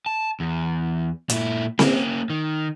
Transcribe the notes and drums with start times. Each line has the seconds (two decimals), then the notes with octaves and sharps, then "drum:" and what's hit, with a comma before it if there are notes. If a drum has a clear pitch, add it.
0.06 A5
0.40 E2
1.29 A#2 E4, drum: hi-hat
1.79 A#3 C#4, drum: snare C4
2.30 D#3